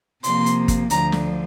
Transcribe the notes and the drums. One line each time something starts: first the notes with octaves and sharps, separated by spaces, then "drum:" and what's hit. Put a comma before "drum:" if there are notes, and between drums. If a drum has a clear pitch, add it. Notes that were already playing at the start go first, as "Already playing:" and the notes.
C3 F3 A#3 C6, drum: hi-hat
drum: hi-hat
drum: kick, hi-hat
D2 D3 F3 A#5, drum: hi-hat
drum: snare